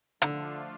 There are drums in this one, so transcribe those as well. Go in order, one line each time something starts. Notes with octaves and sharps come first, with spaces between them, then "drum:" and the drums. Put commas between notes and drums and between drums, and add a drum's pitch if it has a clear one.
D3 F3 A3 D4 F4, drum: hi-hat